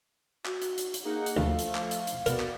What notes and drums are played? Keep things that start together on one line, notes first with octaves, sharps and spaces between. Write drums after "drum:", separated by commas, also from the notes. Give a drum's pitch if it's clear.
F#4, drum: clap
drum: hi-hat
drum: hi-hat
drum: hi-hat
A#3 D#4 G#4 F#5
drum: hi-hat
D2 F3 A3 F5
drum: hi-hat
drum: clap
drum: hi-hat
drum: hi-hat
B3 F#4 A#4 D5, drum: hi-hat
drum: clap